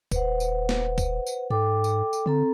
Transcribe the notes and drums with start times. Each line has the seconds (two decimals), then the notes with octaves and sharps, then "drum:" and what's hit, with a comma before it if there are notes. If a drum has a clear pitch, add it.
0.11 D#1 B4 C5 F#5, drum: kick, tambourine
0.40 drum: tambourine
0.69 drum: snare A#3
0.98 drum: kick, tambourine
1.27 drum: tambourine
1.50 G#2 A4 G5 D6
1.84 drum: tambourine
2.13 drum: tambourine
2.26 D3 C4 A4 A#5